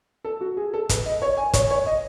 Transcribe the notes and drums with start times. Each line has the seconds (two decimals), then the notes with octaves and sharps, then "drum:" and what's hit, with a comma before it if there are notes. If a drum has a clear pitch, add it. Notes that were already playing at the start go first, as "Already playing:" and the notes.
0.25 A4
0.41 F#4
0.57 G#4
0.74 A4
0.89 B4, drum: kick, hi-hat
1.06 D#5
1.22 C#5
1.37 G#5
1.53 C#5, drum: kick, hi-hat
1.71 C#5
1.86 D#5